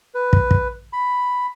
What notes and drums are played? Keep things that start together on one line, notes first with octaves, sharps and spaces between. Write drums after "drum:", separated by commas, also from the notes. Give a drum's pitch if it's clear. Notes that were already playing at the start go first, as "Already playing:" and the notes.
B4
drum: kick
drum: kick
B5